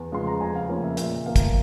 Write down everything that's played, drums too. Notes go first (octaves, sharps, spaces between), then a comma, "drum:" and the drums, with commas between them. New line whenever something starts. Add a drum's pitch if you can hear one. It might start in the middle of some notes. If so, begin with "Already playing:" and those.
Already playing: E2
C#3 F3 G#3 C6
A#5
F2 G#5
F5
C#3 F3 A#3 C#5
E5
A#2 E5, drum: hi-hat
F3 A#3 F5
drum: kick, hi-hat